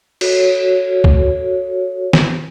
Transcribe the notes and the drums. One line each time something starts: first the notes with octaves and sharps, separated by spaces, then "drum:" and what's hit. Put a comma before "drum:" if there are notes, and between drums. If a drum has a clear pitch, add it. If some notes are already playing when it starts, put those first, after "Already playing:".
F#4 A4 C#5, drum: cymbal
drum: kick
drum: snare